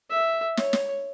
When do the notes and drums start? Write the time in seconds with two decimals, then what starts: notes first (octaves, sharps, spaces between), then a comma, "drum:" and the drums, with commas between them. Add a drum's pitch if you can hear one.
0.10 E5
0.57 C#5, drum: snare
0.73 drum: snare